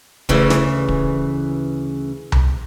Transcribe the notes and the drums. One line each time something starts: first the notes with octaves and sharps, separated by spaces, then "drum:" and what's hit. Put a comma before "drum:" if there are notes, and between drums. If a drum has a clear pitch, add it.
D2 C#3 E3, drum: kick
drum: snare
drum: kick
drum: tom C2